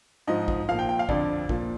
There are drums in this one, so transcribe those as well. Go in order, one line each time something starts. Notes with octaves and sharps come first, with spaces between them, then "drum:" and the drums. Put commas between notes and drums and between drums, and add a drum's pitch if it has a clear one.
G#2 F3 D#5
drum: kick A#1
A#2 F3 F5
G5
G5
F5
F2 D3 F3 D5, drum: kick A#1
A#2 F3, drum: kick A#1